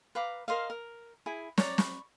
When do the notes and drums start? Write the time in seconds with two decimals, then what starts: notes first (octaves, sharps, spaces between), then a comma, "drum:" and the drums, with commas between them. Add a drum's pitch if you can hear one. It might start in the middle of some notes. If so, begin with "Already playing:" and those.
0.15 B4 F5 A#5 D6
0.48 A#4 C5 D#5 F5
0.70 A#4
1.26 E4 G#4 G#5
1.58 C#5 D5 A#5, drum: snare
1.78 B5 C#6, drum: snare